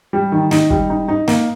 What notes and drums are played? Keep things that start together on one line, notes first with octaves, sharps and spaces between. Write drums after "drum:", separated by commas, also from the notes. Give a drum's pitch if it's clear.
G3
D#3
D#4, drum: snare
G3, drum: kick
D#4
D#4
A#3, drum: snare